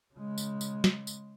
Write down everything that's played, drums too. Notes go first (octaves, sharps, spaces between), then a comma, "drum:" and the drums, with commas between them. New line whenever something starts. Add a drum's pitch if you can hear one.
C#3 G#3
drum: tambourine
drum: tambourine
drum: snare
drum: tambourine